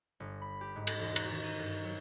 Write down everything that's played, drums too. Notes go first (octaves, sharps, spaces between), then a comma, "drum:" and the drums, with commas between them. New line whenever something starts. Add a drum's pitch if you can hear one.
G1
B5
G4
G#2
G#3, drum: cymbal
E1
A#5, drum: cymbal
D#3
D#7
G2
F#3